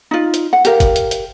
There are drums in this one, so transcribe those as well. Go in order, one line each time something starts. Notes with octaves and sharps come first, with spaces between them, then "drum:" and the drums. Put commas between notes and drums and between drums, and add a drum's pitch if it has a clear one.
D#4 F4
drum: hi-hat
F#5
G4 A#4 F5, drum: hi-hat
drum: kick, hi-hat
drum: hi-hat
drum: hi-hat